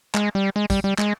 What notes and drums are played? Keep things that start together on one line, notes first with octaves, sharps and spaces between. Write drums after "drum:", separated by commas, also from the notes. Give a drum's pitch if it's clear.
G#3, drum: clap
G3
G#3
G3, drum: kick, tambourine
G3
G#3, drum: clap